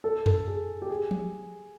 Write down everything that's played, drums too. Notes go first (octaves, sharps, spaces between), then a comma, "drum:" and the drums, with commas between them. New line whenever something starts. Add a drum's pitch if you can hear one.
A4
A4, drum: tom F2
G#4
G4
G#4
drum: tom